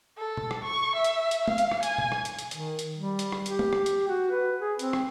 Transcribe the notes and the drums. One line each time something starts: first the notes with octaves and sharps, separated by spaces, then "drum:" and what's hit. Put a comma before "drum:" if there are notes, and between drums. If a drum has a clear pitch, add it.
A4
drum: tom
drum: rim click
C#6
E5
drum: hi-hat
drum: hi-hat
F5, drum: tom
drum: hi-hat
drum: rim click
G#5, drum: hi-hat
drum: tom
drum: rim click
drum: hi-hat
drum: hi-hat
D#3, drum: hi-hat
drum: hi-hat
G3
drum: hi-hat
drum: rim click
G4, drum: hi-hat
drum: tom
drum: rim click
drum: hi-hat
F#4
B4
G#4
C4, drum: hi-hat
drum: rim click